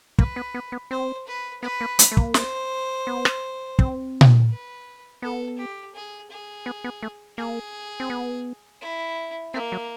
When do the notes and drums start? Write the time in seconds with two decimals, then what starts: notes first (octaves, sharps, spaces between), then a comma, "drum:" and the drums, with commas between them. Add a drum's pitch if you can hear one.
0.18 A#3 B4, drum: kick
0.36 B3
0.54 B3
0.72 B3
0.91 C4 C5
1.27 B4
1.62 B3 B4
1.81 A#3
1.99 A3, drum: hi-hat
2.12 A3
2.17 A#3, drum: kick
2.34 C5, drum: snare
3.07 B3
3.25 drum: rim click
3.79 C4, drum: kick
4.21 drum: tom A#2
4.50 B4
5.22 B3 A4
5.58 G4
5.95 G#4
6.30 G#4
6.66 B3
6.84 B3
7.03 A3
7.38 A#3 G#4
8.00 C4
8.10 B3
8.82 E4
9.54 A#3 C4
9.72 F#3